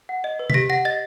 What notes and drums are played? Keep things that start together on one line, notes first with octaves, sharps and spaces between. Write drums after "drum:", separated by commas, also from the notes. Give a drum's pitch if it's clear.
F#5
D#5
B4
B6, drum: tom
G4 A#6
F#5 A#6
D#5 A6